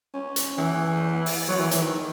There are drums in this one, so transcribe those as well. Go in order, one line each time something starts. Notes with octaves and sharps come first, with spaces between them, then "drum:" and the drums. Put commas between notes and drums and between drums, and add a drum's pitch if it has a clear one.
C#4
drum: hi-hat
E3
drum: open hi-hat
F#3
E3
E3, drum: hi-hat
D#3